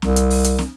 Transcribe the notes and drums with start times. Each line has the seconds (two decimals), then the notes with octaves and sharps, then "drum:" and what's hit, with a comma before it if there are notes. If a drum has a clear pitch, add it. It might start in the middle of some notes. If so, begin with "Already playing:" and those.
0.02 C2, drum: snare
0.16 drum: hi-hat
0.30 drum: open hi-hat
0.44 drum: hi-hat
0.59 drum: snare